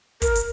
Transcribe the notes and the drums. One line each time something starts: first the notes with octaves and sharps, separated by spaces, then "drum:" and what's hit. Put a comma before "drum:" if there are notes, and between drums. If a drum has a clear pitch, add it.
A#4, drum: kick, hi-hat
drum: hi-hat